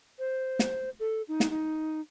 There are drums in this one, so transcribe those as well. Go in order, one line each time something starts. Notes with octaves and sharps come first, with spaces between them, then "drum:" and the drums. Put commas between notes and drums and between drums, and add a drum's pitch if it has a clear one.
C5
drum: snare
A4
D#4
drum: snare
D#4